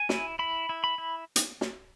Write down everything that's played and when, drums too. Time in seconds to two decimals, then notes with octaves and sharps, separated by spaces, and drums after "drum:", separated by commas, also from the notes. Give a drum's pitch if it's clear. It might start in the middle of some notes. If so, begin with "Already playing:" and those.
Already playing: G#5
0.09 E4, drum: snare
0.39 E4 B5
0.69 E4
0.84 B5
0.98 E4
1.36 drum: hi-hat
1.61 drum: snare